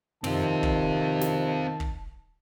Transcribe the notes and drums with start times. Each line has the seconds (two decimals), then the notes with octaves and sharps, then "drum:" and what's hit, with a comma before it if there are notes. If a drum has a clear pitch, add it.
0.24 C3 D#3 C4 F4 A5, drum: tom
0.63 drum: kick
1.21 drum: snare
1.80 drum: kick